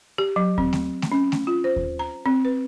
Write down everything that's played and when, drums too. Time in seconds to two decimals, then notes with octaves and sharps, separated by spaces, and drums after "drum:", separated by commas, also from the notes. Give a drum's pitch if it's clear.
0.18 G4
0.36 F#3
0.58 C4, drum: kick D#2
0.73 drum: snare A3
1.02 drum: snare A3
1.12 C#4
1.32 drum: snare A3
1.47 F4
1.64 C5
1.76 drum: kick D#2
1.99 A#5
2.26 C4
2.45 B4